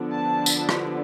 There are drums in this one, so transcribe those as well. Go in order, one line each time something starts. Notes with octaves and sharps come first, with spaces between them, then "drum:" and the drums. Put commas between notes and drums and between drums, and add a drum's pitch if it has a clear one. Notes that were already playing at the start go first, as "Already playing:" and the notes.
Already playing: D3 F3 B3 D4
A5
drum: tambourine
drum: rim click